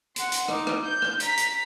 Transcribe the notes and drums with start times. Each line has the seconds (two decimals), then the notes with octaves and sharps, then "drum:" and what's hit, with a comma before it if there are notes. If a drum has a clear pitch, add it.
0.16 F#5 C6, drum: hi-hat
0.32 drum: hi-hat
0.48 D#4 D6, drum: rim click
0.67 drum: rim click
0.82 G6
1.02 drum: rim click
1.20 A#5 B6, drum: hi-hat
1.37 drum: hi-hat